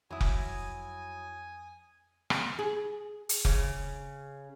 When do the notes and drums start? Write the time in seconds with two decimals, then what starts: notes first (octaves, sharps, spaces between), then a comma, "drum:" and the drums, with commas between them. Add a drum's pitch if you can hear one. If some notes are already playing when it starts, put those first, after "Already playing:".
0.11 F2 F#3 E4 G#5 D#6
0.21 drum: kick F1
2.30 drum: rim click
2.59 G#4
3.29 drum: hi-hat
3.45 C#3, drum: kick F1